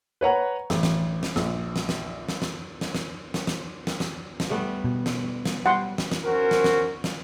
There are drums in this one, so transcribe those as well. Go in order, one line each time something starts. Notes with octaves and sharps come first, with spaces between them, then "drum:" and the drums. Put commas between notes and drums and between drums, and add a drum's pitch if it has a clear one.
B4 C#5 F#5 A#5
A1, drum: snare
drum: snare
drum: snare
A#1, drum: snare
drum: snare
drum: snare
drum: snare
drum: snare
drum: snare
drum: snare
drum: snare
drum: snare
drum: snare
drum: snare
drum: snare
G3 A3 B3
B2
drum: snare
drum: snare
G3 F#5 C6
drum: snare
drum: snare
C#4 F#4 A#4 C5
drum: snare
drum: snare
drum: snare